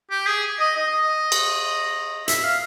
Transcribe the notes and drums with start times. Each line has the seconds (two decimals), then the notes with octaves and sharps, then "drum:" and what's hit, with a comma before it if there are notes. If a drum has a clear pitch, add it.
0.10 G4
0.27 G#4
0.60 D#5
0.77 D#5
1.32 drum: cymbal
2.28 E5, drum: hi-hat
2.43 F5